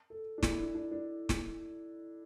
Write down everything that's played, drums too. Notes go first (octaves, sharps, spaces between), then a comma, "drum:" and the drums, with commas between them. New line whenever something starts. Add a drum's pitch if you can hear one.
A4
D4
E4, drum: snare
E4
D4
D4
D4
drum: snare